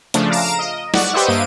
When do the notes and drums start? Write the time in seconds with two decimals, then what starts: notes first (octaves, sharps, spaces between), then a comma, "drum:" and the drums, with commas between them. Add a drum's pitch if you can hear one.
0.14 C#3 F3 A3 D4, drum: hi-hat
0.30 F5 A#5 D7 E7
0.59 D#5
0.94 D5 F#5 C#6, drum: snare
1.14 G4 B4 C5 D#5 E5
1.28 G2 A#3 D7 D#7